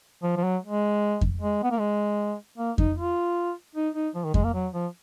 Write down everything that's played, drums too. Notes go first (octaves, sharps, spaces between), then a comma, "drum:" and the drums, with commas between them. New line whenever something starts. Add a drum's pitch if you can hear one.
F3
F3
F#3
G#3
drum: kick F2
G#3
B3
A#3
G#3
A#3
D#4, drum: kick F2
F4
D#4
D#4
F3
D#3
G#3, drum: kick F2
A#3
F#3
F3